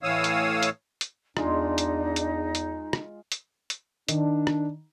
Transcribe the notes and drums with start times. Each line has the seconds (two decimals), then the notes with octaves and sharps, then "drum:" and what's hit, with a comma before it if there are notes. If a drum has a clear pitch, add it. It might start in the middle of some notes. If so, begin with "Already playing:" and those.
0.03 A2 E3 C#5 F5 D#6 E6
0.24 drum: hi-hat
0.63 drum: hi-hat
1.01 drum: hi-hat
1.37 E2 G#3 D4 D#4 F4 G#4, drum: rim click
1.78 drum: hi-hat
2.16 drum: hi-hat
2.55 drum: hi-hat
2.93 drum: rim click
3.32 drum: hi-hat
3.70 drum: hi-hat
4.08 D#3 D4, drum: hi-hat
4.47 drum: rim click